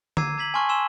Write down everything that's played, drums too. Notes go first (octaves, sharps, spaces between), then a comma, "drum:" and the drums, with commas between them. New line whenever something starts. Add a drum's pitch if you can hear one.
A#5 D6 E6 G#6 C7 D#7, drum: tom D3
A#5 G#6 B6 F#7
G#5 A5 C6 C#6 F6 G7
G#5 C6 E6 E7 G7